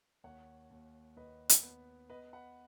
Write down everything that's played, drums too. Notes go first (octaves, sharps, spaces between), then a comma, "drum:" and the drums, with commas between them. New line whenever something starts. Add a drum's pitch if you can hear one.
D#2 C#5 F#5
D#2
D#2 B4 D#5
drum: hi-hat
B3
B3 B4 D#5
F#5 B5